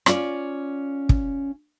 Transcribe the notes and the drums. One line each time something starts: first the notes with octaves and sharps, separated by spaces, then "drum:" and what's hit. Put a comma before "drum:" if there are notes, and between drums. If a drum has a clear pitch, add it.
C#4 F4 D5, drum: rim click
drum: kick